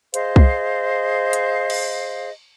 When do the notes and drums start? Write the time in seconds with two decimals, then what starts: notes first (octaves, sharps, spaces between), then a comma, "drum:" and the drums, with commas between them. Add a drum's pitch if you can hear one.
0.14 G#4 C5 D#5 F5, drum: hi-hat
0.36 drum: kick C2
1.33 drum: hi-hat
1.70 drum: cymbal